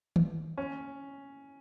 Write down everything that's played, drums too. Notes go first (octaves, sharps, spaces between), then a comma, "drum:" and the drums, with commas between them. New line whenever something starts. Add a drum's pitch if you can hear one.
drum: tom D#3
C#4